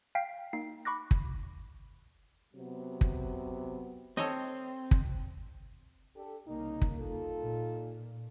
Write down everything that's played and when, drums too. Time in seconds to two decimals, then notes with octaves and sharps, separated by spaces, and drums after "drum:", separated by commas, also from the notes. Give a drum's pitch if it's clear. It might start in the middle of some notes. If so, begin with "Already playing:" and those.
0.15 F5 G5 B6 C7
0.53 A#3 D#4 C7
0.85 B5 C#6 D6 F#6 A#6
1.11 drum: kick
2.53 C3 F#3 B3
3.01 drum: kick
4.17 C4 A4 C#5 D#5
4.91 drum: kick
6.16 D4 G4 A4
6.47 C2 C#3 A#3 D#4
6.82 drum: kick
6.98 D#4 F4 A4
7.41 A#2